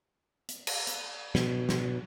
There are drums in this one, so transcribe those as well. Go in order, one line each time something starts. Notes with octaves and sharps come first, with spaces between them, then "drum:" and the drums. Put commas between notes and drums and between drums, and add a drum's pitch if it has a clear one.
drum: hi-hat
drum: cymbal
drum: hi-hat
B2, drum: snare
drum: snare